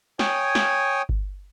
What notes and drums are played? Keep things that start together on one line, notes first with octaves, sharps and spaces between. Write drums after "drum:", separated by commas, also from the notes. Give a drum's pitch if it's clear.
C#5 G5 G#5 D#6, drum: snare
drum: snare
drum: kick G1